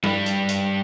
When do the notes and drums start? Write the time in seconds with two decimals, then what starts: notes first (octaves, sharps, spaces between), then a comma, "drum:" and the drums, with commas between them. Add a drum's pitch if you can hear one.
0.04 G2 G3, drum: tom G3
0.26 drum: hi-hat
0.49 drum: hi-hat